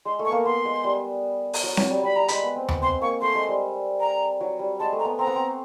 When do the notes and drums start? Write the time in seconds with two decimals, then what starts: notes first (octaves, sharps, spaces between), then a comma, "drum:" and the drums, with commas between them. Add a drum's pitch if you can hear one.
0.05 G#3 C6
0.19 A3
0.25 B3 C#6
0.32 A#3
0.45 B3 C6
0.65 G#3
0.84 G3
1.54 drum: open hi-hat
1.63 F#3
1.77 F#3, drum: snare C4
1.90 G3
2.03 G3 B5
2.16 G3 A#5
2.28 G#3 B5, drum: hi-hat
2.43 B3
2.56 C4
2.68 B3, drum: tom D#2
2.82 C4 C6
3.01 A#3 C#6
3.21 A3 C6
3.35 G#3
3.48 G3
4.00 A#5
4.41 F#3
4.59 G3
4.79 G#3 A5
4.93 A3
5.00 A#5
5.05 B3
5.19 C4 A#5
5.27 B3
5.36 C4